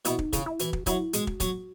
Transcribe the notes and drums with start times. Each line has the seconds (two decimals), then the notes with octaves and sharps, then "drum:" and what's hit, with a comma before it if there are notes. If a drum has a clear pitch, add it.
0.05 B2 E4, drum: hi-hat
0.19 D#4, drum: kick
0.33 C#3 E4, drum: kick, hi-hat
0.46 E4
0.59 E3 F#4, drum: hi-hat
0.73 drum: kick
0.86 F#3 E4, drum: kick, hi-hat
1.13 G#3 F#4, drum: hi-hat
1.27 drum: kick
1.40 F#3, drum: kick, hi-hat